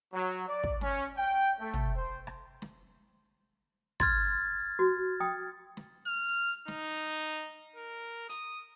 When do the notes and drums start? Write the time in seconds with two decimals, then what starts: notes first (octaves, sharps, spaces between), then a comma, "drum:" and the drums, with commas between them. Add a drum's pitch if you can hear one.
0.13 F#3
0.48 D5
0.64 drum: kick
0.81 C#4, drum: snare
1.17 G5
1.60 A3
1.74 drum: tom
1.95 C5
2.27 drum: rim click
2.62 drum: snare
4.00 C6 F6 G#6 A6, drum: kick
4.79 F#4
5.20 G5 D#6
5.77 drum: snare
6.07 F6
6.68 D#4, drum: snare
7.76 A#4
8.29 D#6, drum: hi-hat